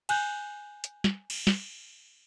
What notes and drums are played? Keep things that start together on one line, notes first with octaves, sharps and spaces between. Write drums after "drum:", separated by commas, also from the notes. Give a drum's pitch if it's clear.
G#5 F#6 G6, drum: cymbal
drum: hi-hat
drum: snare
drum: cymbal
drum: snare